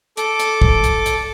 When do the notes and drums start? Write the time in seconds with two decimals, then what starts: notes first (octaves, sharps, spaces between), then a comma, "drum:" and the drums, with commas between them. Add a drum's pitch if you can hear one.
0.17 A4 D6, drum: hi-hat
0.39 drum: hi-hat
0.62 drum: kick
0.84 drum: hi-hat
1.06 drum: hi-hat